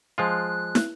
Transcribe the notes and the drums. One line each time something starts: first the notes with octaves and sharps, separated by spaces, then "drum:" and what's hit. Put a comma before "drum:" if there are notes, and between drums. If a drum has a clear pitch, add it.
F3 G#3 F4 F#6
drum: snare